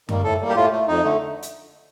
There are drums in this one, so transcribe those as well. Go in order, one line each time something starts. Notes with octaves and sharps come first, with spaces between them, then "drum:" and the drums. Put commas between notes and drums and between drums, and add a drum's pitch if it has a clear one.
D#3 G3 A#3, drum: tom F#2
A2 A4
G3 A#3
G4
A2 F4
A3
F2 D#4
D3 A3
drum: hi-hat